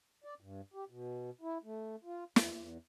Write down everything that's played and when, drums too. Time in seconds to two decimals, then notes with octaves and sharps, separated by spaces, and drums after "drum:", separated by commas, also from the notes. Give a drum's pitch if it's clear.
0.24 D5
0.40 G2
0.74 G4
0.89 B2
1.41 E4
1.64 A3
2.04 F4
2.36 E2, drum: snare
2.56 E2